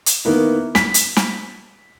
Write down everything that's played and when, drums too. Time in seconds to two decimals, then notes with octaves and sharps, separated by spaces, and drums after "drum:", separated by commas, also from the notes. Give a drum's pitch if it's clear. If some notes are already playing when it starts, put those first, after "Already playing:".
0.06 drum: hi-hat
0.25 D#3 A#3 B3 E4
0.75 B6, drum: snare
0.94 drum: hi-hat
1.16 drum: snare